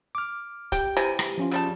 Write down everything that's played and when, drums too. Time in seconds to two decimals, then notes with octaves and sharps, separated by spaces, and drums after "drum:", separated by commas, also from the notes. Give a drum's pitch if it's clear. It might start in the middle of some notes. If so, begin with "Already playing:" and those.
0.15 D6 F6
0.72 G4 G5, drum: kick, hi-hat
0.97 C3 E3 G#5, drum: hi-hat
1.19 drum: rim click
1.38 F3 C#4 F4
1.52 C#3 G3 A5